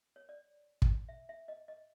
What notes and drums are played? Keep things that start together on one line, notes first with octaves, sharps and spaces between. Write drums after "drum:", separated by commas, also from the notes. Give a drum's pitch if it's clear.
C#5
D5
drum: kick
E5
E5
D#5
D#5